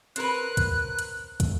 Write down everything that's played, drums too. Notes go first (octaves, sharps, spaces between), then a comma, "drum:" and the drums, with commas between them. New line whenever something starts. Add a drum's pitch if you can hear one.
C4 A#4 B4 F#6, drum: hi-hat
drum: kick, hi-hat
drum: hi-hat
drum: kick, hi-hat